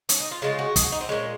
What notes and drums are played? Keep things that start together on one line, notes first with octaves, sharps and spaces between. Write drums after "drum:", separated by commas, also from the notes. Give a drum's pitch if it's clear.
C#4, drum: hi-hat
D#4
F4
C#3 G#3 F4
F#4
G#4, drum: kick, hi-hat
F#4
D#4
C4
A#2 G#3 C#4